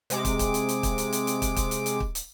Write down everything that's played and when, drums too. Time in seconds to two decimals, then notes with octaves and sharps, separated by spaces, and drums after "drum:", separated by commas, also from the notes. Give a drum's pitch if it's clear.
0.10 C3 G#3 D6, drum: hi-hat
0.25 drum: kick, hi-hat
0.39 drum: kick, hi-hat
0.54 drum: hi-hat
0.69 drum: hi-hat
0.83 drum: kick, hi-hat
0.98 drum: hi-hat
1.13 drum: hi-hat
1.27 drum: hi-hat
1.42 drum: kick, hi-hat
1.56 drum: kick, hi-hat
1.71 drum: hi-hat
1.86 drum: hi-hat
2.00 drum: kick
2.15 drum: hi-hat